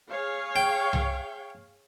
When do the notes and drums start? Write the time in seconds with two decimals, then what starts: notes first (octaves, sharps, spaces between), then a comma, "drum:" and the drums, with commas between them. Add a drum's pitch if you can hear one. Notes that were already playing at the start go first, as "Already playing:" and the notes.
0.11 G#4 C#5 F5
0.56 G5
0.93 drum: tom C2